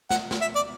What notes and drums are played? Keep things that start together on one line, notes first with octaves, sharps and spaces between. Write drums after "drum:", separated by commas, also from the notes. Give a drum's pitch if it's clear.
F#5, drum: snare
drum: snare
E5
D5